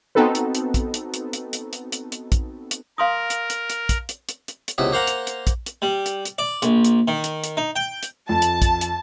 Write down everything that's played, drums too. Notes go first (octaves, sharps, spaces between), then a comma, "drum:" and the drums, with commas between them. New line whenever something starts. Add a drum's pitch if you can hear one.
B3 C4 D#4 F#4 A4 B4
drum: hi-hat
drum: hi-hat
drum: kick, hi-hat
drum: hi-hat
drum: hi-hat
drum: hi-hat
drum: hi-hat
drum: hi-hat
drum: hi-hat
drum: hi-hat
drum: kick, hi-hat
drum: hi-hat
A#4 F5 C6 D#6
drum: hi-hat
drum: hi-hat
drum: hi-hat
drum: kick, hi-hat
drum: hi-hat
drum: hi-hat
drum: hi-hat
drum: hi-hat
C#2 C3 B3 E4
A#3 C5 F5 F#5 A#5
drum: hi-hat
drum: hi-hat
drum: kick, hi-hat
drum: hi-hat
G3
drum: hi-hat
drum: hi-hat
D5
A#1, drum: hi-hat
drum: hi-hat
D#3
drum: hi-hat
drum: hi-hat
D#4
G5
drum: hi-hat
F2 A5
drum: hi-hat
drum: kick, hi-hat
drum: hi-hat